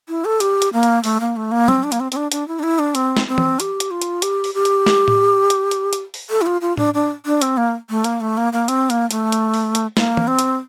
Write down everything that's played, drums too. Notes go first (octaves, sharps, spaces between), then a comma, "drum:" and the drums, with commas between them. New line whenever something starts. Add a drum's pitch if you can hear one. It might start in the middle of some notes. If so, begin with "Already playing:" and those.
E4
A4
G4, drum: hi-hat
drum: hi-hat
A#3
drum: hi-hat
A3, drum: open hi-hat
A#3
A3
A#3
C4, drum: tom F#3
D4
A#3, drum: hi-hat
C4
C4, drum: hi-hat
D4
D4, drum: hi-hat
E4
D4
E4
D4
C4, drum: hi-hat
drum: snare
C4
drum: tom E3
G4, drum: hi-hat
drum: hi-hat
F4
drum: hi-hat
G4, drum: hi-hat
drum: open hi-hat
G4
drum: hi-hat
drum: snare
drum: tom A2
drum: hi-hat
drum: hi-hat
drum: hi-hat
drum: open hi-hat
A4
E4
F4
F4
D4, drum: tom A2
D4
D4
C4, drum: hi-hat
A#3
A3
A#3, drum: hi-hat
A3
A#3
A#3
C4, drum: hi-hat
A#3, drum: hi-hat
A3, drum: hi-hat
drum: hi-hat
drum: open hi-hat
drum: hi-hat
A#3, drum: snare
drum: tom E3
C4
drum: hi-hat